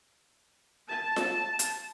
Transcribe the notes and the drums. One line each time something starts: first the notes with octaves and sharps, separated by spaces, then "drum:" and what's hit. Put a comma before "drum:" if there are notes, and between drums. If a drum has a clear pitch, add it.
A5
drum: snare F4
drum: hi-hat